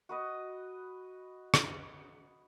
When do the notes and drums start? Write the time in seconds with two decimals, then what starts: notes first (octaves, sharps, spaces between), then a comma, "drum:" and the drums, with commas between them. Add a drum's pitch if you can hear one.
0.09 F#4 B4 D#5
1.54 drum: rim click